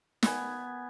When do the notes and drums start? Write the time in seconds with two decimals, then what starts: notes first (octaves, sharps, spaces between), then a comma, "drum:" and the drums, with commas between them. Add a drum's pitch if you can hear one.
0.23 B3 G#5, drum: snare